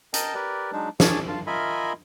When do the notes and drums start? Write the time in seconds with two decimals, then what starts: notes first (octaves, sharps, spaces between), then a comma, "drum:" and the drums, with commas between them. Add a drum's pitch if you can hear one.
0.14 A#4 D#5 G5 A5, drum: hi-hat
0.35 G4 A#4 B4 D5
0.73 F#3 G#3 D4 D#4
1.00 G#4 C#5 G#5 A5 D6, drum: snare
1.28 F4 F5 A5
1.47 F4 A#4 D#5 E5 G#5 B5